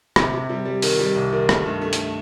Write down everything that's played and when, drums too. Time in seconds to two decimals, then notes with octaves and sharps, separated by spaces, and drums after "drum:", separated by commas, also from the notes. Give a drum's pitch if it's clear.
0.16 C3, drum: rim click
0.33 C3
0.49 G3
0.65 G3
0.82 D#3, drum: open hi-hat
0.99 G3
1.15 C2
1.32 D#3
1.49 A3, drum: rim click
1.65 G2
1.81 A3
1.93 drum: hi-hat